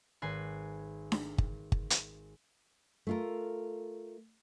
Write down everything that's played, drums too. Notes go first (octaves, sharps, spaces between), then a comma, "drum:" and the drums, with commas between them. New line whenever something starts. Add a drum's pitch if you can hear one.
G#1 B4 G#5 C7
drum: snare D4
drum: kick G1
drum: kick G1
drum: hi-hat
A3 F4 A#4